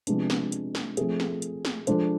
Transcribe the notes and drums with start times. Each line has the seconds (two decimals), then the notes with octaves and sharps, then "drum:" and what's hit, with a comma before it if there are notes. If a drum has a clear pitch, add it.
0.07 C3 F3 G#3 B3 D4, drum: hi-hat
0.30 drum: snare
0.52 drum: hi-hat
0.75 drum: snare
0.97 F3 A3 C4 G#4, drum: hi-hat
1.20 drum: snare
1.42 drum: hi-hat
1.65 drum: snare
1.87 F3 G#3 D4 A4 C5, drum: hi-hat